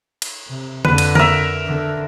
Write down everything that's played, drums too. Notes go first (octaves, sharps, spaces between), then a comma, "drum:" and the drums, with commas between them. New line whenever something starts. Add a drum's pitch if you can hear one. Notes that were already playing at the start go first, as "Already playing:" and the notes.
drum: cymbal
C3
F2 D3 B4, drum: tom D3
drum: cymbal
A#4 E5, drum: tom D3
D3